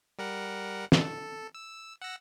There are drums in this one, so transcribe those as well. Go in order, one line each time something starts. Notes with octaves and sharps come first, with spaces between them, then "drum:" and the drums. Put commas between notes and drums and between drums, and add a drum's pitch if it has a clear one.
G3 A#4 F#5
A4, drum: snare
E6
F#5 E6 A#6